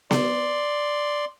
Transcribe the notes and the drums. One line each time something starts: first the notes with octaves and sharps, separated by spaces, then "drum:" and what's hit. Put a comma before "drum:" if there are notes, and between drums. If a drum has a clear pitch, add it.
D5 C6, drum: snare B3